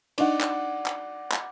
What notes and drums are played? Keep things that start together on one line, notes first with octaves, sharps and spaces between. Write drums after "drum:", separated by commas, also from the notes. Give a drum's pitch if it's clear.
D4 D#4 D5 D#5 F#5, drum: cymbal
drum: clap
drum: clap
drum: clap